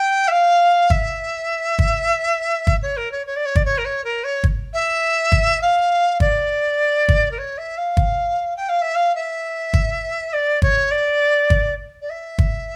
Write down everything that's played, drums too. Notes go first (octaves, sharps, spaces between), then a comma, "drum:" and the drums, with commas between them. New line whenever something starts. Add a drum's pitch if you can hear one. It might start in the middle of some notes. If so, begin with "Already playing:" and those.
Already playing: G5
E5
F5
E5, drum: kick
drum: kick
drum: kick
C#5
A#4
C#5
C#5
D5
C#5
D5, drum: kick
C#5
A#4
C#5
A#4
C#5
drum: kick
E5
drum: kick
F5
D5, drum: kick
drum: kick
A#4
C#5
E5
F5
drum: kick
G5
F5
E5
F5
E5
drum: kick
D5
C#5, drum: kick
D5
drum: kick
D5
E5
drum: kick